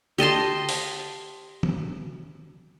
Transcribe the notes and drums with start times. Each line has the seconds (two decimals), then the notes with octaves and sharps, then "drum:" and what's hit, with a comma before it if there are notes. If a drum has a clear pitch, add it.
0.18 G4 D#5 A5 C6
0.69 drum: open hi-hat
1.63 drum: tom